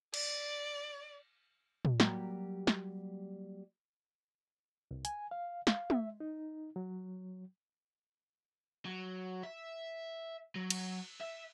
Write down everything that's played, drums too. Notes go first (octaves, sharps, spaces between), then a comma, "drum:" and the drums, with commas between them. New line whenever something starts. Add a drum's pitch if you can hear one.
D5, drum: cymbal
drum: tom
F#3 G3 A#3 F#4 G4, drum: snare
drum: snare
C2
G#5, drum: hi-hat
F5
F5, drum: snare
E5, drum: tom
D#4
F#3
F#3
E5
F#3
drum: cymbal
E5